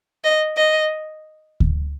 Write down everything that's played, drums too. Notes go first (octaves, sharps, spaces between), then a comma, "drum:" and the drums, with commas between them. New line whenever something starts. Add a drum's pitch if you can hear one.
D#5
D#5
drum: kick D2